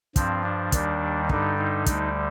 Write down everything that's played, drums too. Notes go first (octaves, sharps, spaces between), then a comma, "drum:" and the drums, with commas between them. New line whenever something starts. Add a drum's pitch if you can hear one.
G2 F3 C4, drum: kick, hi-hat
D4
D#2 D#3 G3, drum: kick, hi-hat
G2 D3 G3 D#4, drum: kick
D#4
D2 D3 G3, drum: kick, hi-hat